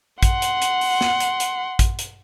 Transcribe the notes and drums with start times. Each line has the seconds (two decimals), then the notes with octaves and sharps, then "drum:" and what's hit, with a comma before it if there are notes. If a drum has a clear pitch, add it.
0.23 F#5 C6, drum: kick, hi-hat
0.42 drum: hi-hat
0.62 drum: hi-hat
0.81 drum: open hi-hat
1.01 drum: snare
1.20 drum: hi-hat
1.40 drum: hi-hat
1.79 drum: kick, hi-hat
1.99 drum: hi-hat